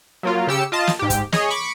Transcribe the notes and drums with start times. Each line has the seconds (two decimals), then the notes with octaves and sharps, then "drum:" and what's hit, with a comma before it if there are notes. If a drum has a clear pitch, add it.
0.23 F#3 A#3 F4
0.47 C#3 G4 E6 C#7
0.72 F4 D#5 A5
0.87 drum: snare
0.99 G#2 G4
1.10 drum: kick, hi-hat
1.32 G#4 C#5 D#5, drum: snare
1.50 B5 C#6 D6